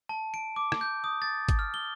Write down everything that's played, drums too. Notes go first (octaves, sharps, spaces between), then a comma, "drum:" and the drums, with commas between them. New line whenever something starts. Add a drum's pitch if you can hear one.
A5
D7
D6
drum: rim click
G6
D#6
A6
drum: kick, hi-hat
F6
G7